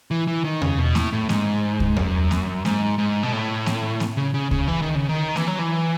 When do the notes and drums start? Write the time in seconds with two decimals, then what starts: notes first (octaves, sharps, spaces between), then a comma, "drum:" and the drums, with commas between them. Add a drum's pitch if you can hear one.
0.11 E3
0.27 E3
0.45 D#3
0.62 C#3, drum: tom E2
0.79 B2
0.95 A2, drum: snare A#3
1.13 A2
1.29 G#2, drum: snare A#3
1.80 drum: kick C#2
1.97 F#2, drum: tom E2
2.31 drum: snare A#3
2.65 G#2, drum: snare A#3
2.98 G#2
3.23 B2
3.33 A2
3.66 drum: snare A#3
4.00 drum: snare A#3
4.17 C#3
4.34 C#3
4.51 C#3, drum: kick C#2
4.68 E3
4.82 D#3
4.95 C#3
5.09 D#3
5.36 E3, drum: snare A#3
5.47 F#3
5.59 E3